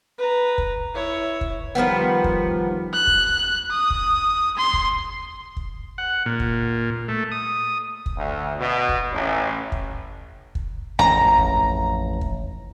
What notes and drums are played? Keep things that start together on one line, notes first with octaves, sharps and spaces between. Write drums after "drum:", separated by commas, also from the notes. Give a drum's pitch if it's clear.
B4 A#5
drum: kick
E4 C#5
drum: kick
D#3 F3 G3 B3
drum: kick
F#6
drum: kick
D#6
drum: kick
C6
drum: kick
drum: kick
F#5
A#2
drum: kick
A3
D#6
drum: kick
D2
B2
drum: kick
A1
drum: kick
drum: kick
A1 F2 G#2 A#5
drum: kick
drum: kick